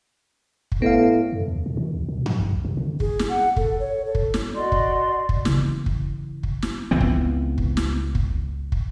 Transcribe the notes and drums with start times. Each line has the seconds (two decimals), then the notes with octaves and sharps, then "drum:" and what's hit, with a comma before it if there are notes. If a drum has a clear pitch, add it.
0.72 drum: kick
0.82 A2 B3 F5
1.32 F#2
1.48 D#2
1.66 B2
1.77 D#3
1.93 D2
2.09 B2
2.26 F3, drum: tom G2
2.39 G#1
2.52 C2
2.65 C3
2.77 D3
3.00 G#4, drum: kick
3.19 drum: snare
3.29 F#5
3.56 A4, drum: kick
3.80 C#5
4.05 A4
4.15 drum: kick
4.34 drum: snare
4.55 F#4 D5 D#5 C6
4.72 drum: kick
5.29 drum: kick
5.45 C#3 E3, drum: snare
5.86 drum: kick
6.43 drum: kick
6.62 drum: snare
6.91 C#2 E3 B3 C4
7.01 drum: kick
7.58 drum: kick
7.77 drum: snare
8.15 drum: kick
8.72 drum: kick